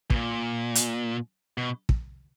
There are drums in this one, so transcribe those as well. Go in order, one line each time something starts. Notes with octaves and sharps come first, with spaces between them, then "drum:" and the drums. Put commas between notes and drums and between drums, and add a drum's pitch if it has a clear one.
B2, drum: kick
A#2
drum: hi-hat
B2
drum: kick